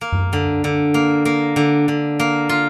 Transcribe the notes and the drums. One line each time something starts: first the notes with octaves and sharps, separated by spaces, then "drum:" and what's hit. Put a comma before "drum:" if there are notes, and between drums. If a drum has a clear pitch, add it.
A#3
drum: tom F#2
D3
D3
A#3
A#3
D3
D3
A#3
F4